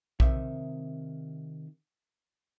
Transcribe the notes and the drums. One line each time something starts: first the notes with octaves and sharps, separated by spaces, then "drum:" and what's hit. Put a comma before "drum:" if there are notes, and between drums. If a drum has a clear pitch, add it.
C3 D#3 E5, drum: kick A#1